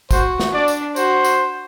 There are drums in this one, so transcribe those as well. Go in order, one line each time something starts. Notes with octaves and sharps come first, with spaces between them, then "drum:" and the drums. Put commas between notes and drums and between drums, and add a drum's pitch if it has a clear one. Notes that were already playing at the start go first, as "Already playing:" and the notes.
F#4 C5, drum: kick, tambourine
drum: snare
D4 D5
drum: tambourine
F#4 C5, drum: tambourine
drum: tambourine